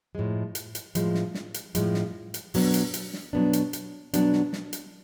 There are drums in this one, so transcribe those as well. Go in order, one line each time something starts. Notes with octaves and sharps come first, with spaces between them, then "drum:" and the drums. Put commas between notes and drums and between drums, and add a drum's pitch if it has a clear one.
A2 F3 G#3
drum: hi-hat
drum: hi-hat
A2 F3 G#3, drum: hi-hat
drum: snare
drum: snare
drum: hi-hat
A2 F3 G#3, drum: hi-hat
drum: snare
drum: hi-hat
B2 F#3 B3 D4, drum: open hi-hat
drum: hi-hat
drum: hi-hat
drum: snare
B2 F#3 B3 D4
drum: hi-hat
drum: hi-hat
B2 F#3 B3 D4, drum: hi-hat
drum: snare
drum: snare
drum: hi-hat